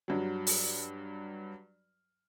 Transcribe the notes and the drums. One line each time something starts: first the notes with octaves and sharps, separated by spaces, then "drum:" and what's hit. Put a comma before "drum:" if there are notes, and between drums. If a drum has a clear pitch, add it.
G2 F#3
drum: open hi-hat